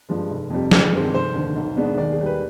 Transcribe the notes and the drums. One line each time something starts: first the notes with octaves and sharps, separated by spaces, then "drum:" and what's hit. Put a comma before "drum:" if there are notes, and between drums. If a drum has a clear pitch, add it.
G2 F3 G#3
F1
F2 C3 G3
G1 G#4, drum: snare
G2 D#3 G#3 C4
F1 C5
D#2 D3
B1
B2 G#3 B3 D4
D#2 D5
G#4
D#3 G3
B4